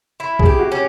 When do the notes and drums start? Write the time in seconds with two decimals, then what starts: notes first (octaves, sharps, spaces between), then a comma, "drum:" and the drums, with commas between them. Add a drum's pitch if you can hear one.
0.20 E4
0.39 G#4, drum: kick
0.46 G4
0.59 F#4
0.72 C#4